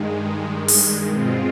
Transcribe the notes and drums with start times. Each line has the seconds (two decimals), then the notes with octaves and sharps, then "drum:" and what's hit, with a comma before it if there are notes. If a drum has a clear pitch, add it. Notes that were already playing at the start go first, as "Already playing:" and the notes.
Already playing: G2 D#3 G#3
0.69 drum: open hi-hat
1.07 B2 G#3 C4 F4